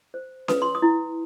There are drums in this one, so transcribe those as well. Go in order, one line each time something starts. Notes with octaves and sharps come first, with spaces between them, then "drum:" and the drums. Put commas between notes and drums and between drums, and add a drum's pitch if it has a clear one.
C5
B4 D#6, drum: snare C#4
C6
D#6
E4